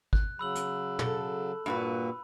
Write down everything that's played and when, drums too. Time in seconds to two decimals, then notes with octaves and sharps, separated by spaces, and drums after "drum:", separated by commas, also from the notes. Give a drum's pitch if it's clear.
0.13 F#6, drum: kick G#1
0.39 C#3 F#3 B5 E6 F#7
0.55 drum: hi-hat
0.99 A4, drum: tom
1.66 G2 A#2 A#3 F#4 B4 B5